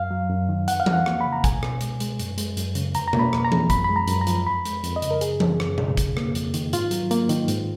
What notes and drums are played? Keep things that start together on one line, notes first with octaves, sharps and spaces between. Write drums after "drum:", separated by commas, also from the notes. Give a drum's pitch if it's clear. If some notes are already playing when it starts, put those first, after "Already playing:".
Already playing: F#2 F5
F#3
F#2
D#3
F2 F#5, drum: hi-hat
F5
F3, drum: tom E3
F#5
A#3, drum: rim click
C#3 B5
A#5
B2 G#5, drum: kick, hi-hat
B2, drum: rim click
G#3, drum: hi-hat
G#3, drum: hi-hat
F#2, drum: hi-hat
G#3, drum: hi-hat
F#2, drum: hi-hat
C#3, drum: hi-hat
F2 A#5, drum: hi-hat
A#5
A#3, drum: tom B2
B5
F2, drum: rim click
A#5
F3, drum: tom E3
F#2 B5, drum: kick, hi-hat
G#3 B5
A#5
F#2, drum: hi-hat
A#5
F3, drum: hi-hat
F2 B5
G#3, drum: hi-hat
F2, drum: hi-hat
D#5
C#3, drum: hi-hat
A#4
F#2 G#4, drum: hi-hat
F3, drum: tom E3
F#2, drum: rim click
C#3, drum: tom B2
F2, drum: kick, hi-hat
A#3, drum: rim click
F2, drum: hi-hat
D#3, drum: hi-hat
G#2 F4, drum: hi-hat
F#3, drum: hi-hat
A#3, drum: hi-hat
D#3, drum: hi-hat
G#2, drum: hi-hat